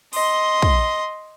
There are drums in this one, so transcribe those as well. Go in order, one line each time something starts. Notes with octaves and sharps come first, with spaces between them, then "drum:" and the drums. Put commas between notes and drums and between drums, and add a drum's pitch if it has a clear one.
D#5 C6, drum: open hi-hat
drum: kick